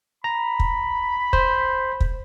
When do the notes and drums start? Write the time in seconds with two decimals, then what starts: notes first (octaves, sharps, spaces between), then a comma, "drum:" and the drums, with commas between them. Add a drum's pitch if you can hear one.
0.24 A#5 B5
0.60 drum: kick
1.33 C5, drum: kick
2.00 drum: kick